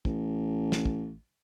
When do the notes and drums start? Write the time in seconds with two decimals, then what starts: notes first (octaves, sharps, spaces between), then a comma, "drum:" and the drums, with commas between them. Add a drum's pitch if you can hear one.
0.05 A1, drum: kick
0.72 drum: snare
0.85 drum: kick